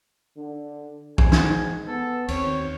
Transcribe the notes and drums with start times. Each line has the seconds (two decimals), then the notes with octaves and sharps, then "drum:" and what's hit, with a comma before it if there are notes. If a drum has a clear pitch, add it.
0.37 D3
1.18 G#2 G#5, drum: kick
1.32 drum: snare
1.87 B3 A4
2.28 D#2 C4 C#5, drum: cymbal